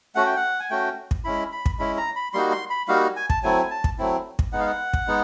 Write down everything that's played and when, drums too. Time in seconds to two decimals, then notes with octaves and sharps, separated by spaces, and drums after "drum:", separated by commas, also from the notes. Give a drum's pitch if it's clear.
0.15 A3 C#4 F#4 F#5
0.26 G5
0.36 F#5
0.60 G#5
0.70 A3 C#4 F#4 G5
1.11 drum: kick
1.24 G#3 C#4 E4 B5
1.52 B5
1.66 drum: kick
1.79 G#3 C#4 E4 B5
1.97 A#5
2.16 B5
2.34 G3 A#3 D#4 F#4 C6
2.52 C6
2.70 B5
2.88 G3 A#3 D#4 F#4 F5
3.16 G#5
3.30 A5, drum: kick
3.43 F#3 A3 C4 E4 G#5
3.62 G#5
3.70 A5
3.84 drum: kick
3.98 F#3 A3 C4 E4
4.39 drum: kick
4.53 G#3 B3 D#4 F#5
4.60 F5
4.66 F#5
4.93 drum: kick
5.07 G#3 B3 D#4